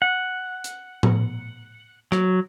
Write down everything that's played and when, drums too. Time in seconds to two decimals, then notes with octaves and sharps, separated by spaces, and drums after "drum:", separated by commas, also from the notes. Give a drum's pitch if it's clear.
0.02 F#5
0.64 drum: hi-hat
1.03 drum: tom A2
2.12 F#3, drum: rim click